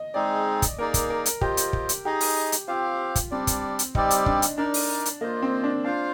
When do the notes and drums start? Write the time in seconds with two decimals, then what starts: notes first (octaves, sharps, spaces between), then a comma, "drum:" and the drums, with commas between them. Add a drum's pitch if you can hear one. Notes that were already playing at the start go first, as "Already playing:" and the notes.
Already playing: D#5
0.14 G#3 C4 D#4 G#4 D5
0.62 drum: kick, hi-hat
0.78 A#3 D#4 G#4 A#4 D5
0.94 drum: kick, hi-hat
1.10 A#4
1.26 drum: hi-hat
1.41 F4 G4 C5 D#5, drum: kick
1.57 drum: hi-hat
1.73 drum: kick
1.89 drum: hi-hat
2.05 D#4 G4 G#4 D#5
2.21 drum: open hi-hat
2.52 drum: hi-hat
2.68 C4 F4 G4 C5 F5
3.15 drum: kick, hi-hat
3.31 G3 C4 D4 G4 D5
3.47 drum: kick, hi-hat
3.79 drum: hi-hat
3.95 G3 C4 D#4 G4 D5, drum: kick
4.10 drum: hi-hat
4.26 D4, drum: kick
4.42 drum: hi-hat
4.58 D4 D#4 A#4 D5
4.74 drum: open hi-hat
5.05 drum: hi-hat
5.21 A#3 F4 C5 D#5
5.42 C4
5.64 D4
5.84 D4 F4 C5 F5